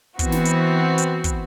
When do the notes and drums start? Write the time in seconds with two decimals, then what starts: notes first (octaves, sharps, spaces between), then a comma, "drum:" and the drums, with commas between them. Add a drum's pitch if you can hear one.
0.19 E3 B3 C4 F#4, drum: kick, hi-hat
0.32 drum: snare
0.45 drum: hi-hat
0.98 drum: hi-hat
1.24 drum: kick, hi-hat